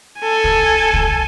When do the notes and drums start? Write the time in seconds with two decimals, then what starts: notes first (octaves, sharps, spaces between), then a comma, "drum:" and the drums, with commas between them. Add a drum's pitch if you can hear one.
0.19 A4 G#5
0.44 drum: kick
0.93 drum: kick